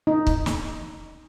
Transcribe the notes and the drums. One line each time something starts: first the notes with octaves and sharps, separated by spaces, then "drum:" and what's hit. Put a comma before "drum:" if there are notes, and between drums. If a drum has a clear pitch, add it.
D#4
drum: kick
drum: snare